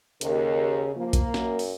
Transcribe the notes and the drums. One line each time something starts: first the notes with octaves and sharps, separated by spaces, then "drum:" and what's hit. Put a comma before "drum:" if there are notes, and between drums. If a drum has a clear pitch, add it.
D#2 C#3 A#4, drum: hi-hat
F3 A#3
drum: kick A#1, hi-hat
F#2, drum: snare
drum: open hi-hat